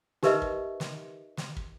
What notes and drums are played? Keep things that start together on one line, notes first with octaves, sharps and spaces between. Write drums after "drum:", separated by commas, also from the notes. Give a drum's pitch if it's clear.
D#4 G4 A#4 B4 D#5 E5, drum: snare
drum: kick
drum: snare
drum: snare
drum: kick